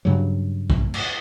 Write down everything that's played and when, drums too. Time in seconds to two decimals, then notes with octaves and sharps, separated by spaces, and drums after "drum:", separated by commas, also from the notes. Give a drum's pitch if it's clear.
0.05 G2 C#3 F#3
0.70 drum: kick
0.94 drum: cymbal